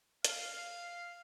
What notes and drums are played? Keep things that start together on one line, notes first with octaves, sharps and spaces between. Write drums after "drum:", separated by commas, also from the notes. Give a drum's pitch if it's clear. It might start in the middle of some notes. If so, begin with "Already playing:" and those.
F5, drum: hi-hat